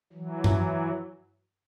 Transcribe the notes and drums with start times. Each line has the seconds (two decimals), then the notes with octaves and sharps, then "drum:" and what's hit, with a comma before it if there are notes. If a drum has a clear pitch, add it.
0.13 E3 F#3
0.44 drum: tom G2